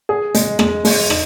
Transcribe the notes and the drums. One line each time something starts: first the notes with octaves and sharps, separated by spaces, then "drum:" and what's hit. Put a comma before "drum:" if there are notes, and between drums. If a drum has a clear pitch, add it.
G#4
G#3, drum: hi-hat
G#3, drum: rim click
G#3, drum: open hi-hat
D#4, drum: rim click